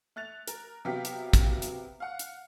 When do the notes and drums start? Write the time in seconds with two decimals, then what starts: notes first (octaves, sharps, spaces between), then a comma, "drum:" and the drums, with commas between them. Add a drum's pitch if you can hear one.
0.16 A3 F#6 A6 F7
0.48 A#4, drum: hi-hat
0.85 C3 F#3 B3 F5 G5 B6
1.05 drum: hi-hat
1.33 drum: kick, hi-hat
1.62 drum: hi-hat
2.00 F5 F#5
2.19 drum: hi-hat